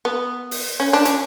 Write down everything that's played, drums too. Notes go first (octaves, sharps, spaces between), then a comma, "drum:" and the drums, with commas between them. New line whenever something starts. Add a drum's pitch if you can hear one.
B3
drum: open hi-hat
C#4
D4
C#4, drum: hi-hat